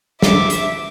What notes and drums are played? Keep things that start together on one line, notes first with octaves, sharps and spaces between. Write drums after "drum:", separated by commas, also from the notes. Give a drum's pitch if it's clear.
E5 D6, drum: snare
drum: hi-hat